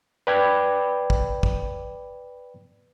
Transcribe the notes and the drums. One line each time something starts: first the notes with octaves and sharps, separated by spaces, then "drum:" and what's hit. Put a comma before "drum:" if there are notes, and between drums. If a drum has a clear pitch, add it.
B4 D5 G5 B5 D6 G#6
drum: kick
drum: kick